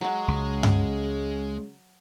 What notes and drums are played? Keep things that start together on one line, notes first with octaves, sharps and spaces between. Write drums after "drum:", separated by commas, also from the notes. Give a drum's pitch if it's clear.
F#3 G#3 F#4
C#2 C#3
drum: tom G2